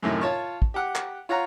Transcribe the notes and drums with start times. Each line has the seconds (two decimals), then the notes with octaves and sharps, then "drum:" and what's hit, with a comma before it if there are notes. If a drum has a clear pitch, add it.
0.03 F#2 A2 C3 D#3
0.21 F4 C#5 A5 C#6
0.62 drum: kick
0.74 G4 F#5
0.95 drum: clap
1.29 F4 C#5 F#5 A#5